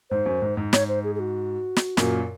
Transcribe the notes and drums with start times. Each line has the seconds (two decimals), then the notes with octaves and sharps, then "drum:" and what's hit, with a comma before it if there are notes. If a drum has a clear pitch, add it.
0.10 G#2 C5
0.26 F#2
0.42 G#2
0.57 G#2
0.73 C#5, drum: snare
0.89 C5
1.04 G#4
1.15 G#4
1.19 F#4
1.76 drum: snare
1.97 F#2 A#2, drum: snare